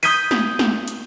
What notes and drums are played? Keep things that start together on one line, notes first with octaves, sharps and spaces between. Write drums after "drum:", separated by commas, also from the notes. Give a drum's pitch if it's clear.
D#6 G6 G#6 B6 D#7, drum: open hi-hat
drum: snare
drum: snare
drum: hi-hat